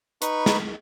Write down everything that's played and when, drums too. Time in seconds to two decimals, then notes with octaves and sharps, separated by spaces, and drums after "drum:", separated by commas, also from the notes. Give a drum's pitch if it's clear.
0.22 D#4 B4 B5 C#6, drum: hi-hat
0.46 drum: snare